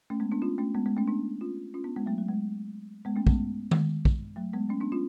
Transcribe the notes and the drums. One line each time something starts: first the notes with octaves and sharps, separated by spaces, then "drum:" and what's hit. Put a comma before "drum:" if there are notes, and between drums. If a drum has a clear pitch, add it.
A3 C#4
G#3 B3
B3 D4
C#4 F4
A3 C#4
G#3 B3
G#3 B3
A3 C#4
B3 D4
C#4 F4
C#4 F4
B3 D4
G#3 B3
F#3 A3
F#3
G#3
G#3 B3
A3 C#4
G#3 B3, drum: kick
G#3, drum: tom D#3
drum: kick
F#3 A3
G#3 B3
A3 C#4
B3 D4
C#4 F4